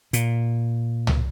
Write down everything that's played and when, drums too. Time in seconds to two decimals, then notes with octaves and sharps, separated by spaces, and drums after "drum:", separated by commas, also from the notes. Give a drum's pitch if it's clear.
0.13 A#2, drum: hi-hat
1.07 drum: tom